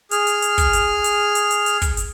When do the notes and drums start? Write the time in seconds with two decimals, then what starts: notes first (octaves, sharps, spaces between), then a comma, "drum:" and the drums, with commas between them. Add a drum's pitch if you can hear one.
0.11 G#4 F6, drum: hi-hat
0.27 drum: hi-hat
0.42 drum: hi-hat
0.58 drum: kick, hi-hat
0.73 drum: hi-hat
1.04 drum: hi-hat
1.35 drum: hi-hat
1.51 drum: hi-hat
1.66 drum: hi-hat
1.82 drum: kick, hi-hat
1.97 drum: hi-hat